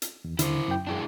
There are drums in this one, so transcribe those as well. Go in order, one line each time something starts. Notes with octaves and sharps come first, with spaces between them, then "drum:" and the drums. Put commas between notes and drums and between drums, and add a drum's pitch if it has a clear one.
drum: hi-hat
E2
D#2 D3 E4 C5, drum: hi-hat
F#2 G5
D4 E4 G#4